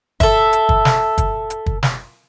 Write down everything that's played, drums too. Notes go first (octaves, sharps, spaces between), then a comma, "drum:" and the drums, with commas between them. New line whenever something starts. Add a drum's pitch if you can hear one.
A4 E5, drum: kick, hi-hat
drum: hi-hat
drum: kick
drum: snare
drum: kick, hi-hat
drum: hi-hat
drum: kick
drum: snare